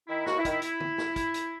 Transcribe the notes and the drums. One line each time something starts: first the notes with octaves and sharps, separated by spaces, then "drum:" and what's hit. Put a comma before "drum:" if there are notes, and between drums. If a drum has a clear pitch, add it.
D#3 E4
D#2 F#4, drum: snare
E4
D#3, drum: kick, hi-hat
E4
E4, drum: hi-hat
drum: tom
drum: snare
drum: kick, hi-hat
drum: hi-hat